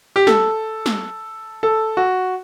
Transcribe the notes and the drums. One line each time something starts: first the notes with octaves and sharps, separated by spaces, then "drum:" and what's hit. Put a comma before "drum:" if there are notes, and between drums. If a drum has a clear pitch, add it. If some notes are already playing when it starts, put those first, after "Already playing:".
G4
A4, drum: snare
drum: snare
A4
F#4